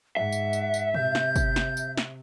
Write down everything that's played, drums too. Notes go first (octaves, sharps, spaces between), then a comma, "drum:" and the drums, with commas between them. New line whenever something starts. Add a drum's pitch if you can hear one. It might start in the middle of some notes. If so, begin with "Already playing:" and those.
G#2 E5 F#5
drum: tambourine
drum: tambourine
drum: tambourine
C3 G6, drum: tom A#2
drum: snare
drum: kick, tambourine
drum: snare
drum: tambourine
drum: snare